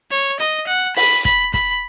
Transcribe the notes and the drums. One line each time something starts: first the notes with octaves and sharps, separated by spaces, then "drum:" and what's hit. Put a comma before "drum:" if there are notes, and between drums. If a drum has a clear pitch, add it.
C#5
D#5, drum: hi-hat
F#5
B5, drum: open hi-hat
B5, drum: kick
B5, drum: kick, hi-hat